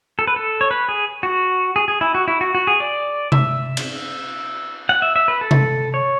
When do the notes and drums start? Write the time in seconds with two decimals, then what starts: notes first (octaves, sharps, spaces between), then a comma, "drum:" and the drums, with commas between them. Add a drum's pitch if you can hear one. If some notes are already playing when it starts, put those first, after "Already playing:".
0.19 A4
0.27 B4
0.36 A4
0.61 C#5
0.71 B4
0.89 G#4
1.23 F#4
1.76 G#4
1.88 G#4
2.01 E4
2.15 F#4
2.28 E4
2.41 F#4
2.55 F#4
2.67 G#4
2.80 D5
3.32 E5, drum: tom C3
3.77 drum: cymbal
4.89 F#5
5.02 E5
5.16 E5
5.28 B4
5.41 A4
5.51 drum: tom C3
5.94 C#5